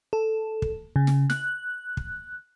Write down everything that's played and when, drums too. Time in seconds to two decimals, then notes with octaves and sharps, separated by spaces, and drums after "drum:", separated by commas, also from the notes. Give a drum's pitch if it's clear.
0.13 A4
0.62 drum: kick
0.96 C#3
1.07 drum: snare
1.30 F#6, drum: snare
1.97 drum: kick